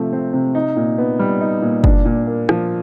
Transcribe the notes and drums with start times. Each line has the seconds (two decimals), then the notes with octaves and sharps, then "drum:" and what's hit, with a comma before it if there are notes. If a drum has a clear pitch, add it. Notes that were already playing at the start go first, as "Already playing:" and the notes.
Already playing: C3 F3 A3 C4
0.13 C4
0.33 C3
0.55 D#4
0.76 A#2
0.98 B3
1.19 G3
1.41 D#4
1.62 A#2
1.84 D4, drum: kick
2.05 A#2
2.27 A#3
2.49 F3, drum: rim click